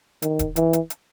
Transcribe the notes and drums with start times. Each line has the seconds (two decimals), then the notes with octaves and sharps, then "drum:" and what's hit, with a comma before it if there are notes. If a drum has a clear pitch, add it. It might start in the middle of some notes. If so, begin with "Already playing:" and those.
0.22 D#3, drum: hi-hat
0.39 drum: kick D#1, hi-hat
0.56 E3, drum: hi-hat
0.73 drum: hi-hat
0.90 drum: hi-hat